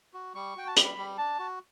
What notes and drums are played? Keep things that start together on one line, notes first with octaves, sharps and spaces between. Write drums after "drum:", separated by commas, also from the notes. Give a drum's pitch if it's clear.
F#4
G3 C#6
F#4 G5
A5
G3 B5, drum: hi-hat
G3
D4 A5
F#4